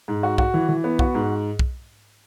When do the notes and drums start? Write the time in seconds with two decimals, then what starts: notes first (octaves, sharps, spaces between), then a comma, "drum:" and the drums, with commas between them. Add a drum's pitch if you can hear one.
0.08 G#2
0.23 F#4
0.38 F#4, drum: kick
0.54 E3
0.69 E3
0.84 B3
0.99 F#4, drum: kick
1.15 G#2
1.59 drum: kick